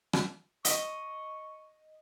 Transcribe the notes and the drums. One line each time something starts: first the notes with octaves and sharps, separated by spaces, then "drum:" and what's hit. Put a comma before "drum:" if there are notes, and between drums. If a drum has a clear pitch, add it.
drum: rim click
D#5 C#6, drum: hi-hat